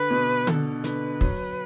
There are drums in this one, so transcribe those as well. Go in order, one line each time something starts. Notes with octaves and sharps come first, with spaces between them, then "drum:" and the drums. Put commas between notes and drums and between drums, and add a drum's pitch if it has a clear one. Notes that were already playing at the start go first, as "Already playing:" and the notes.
Already playing: D3 B4
B2
D3 A4, drum: tom D3
D3 B4, drum: hi-hat
F#3, drum: kick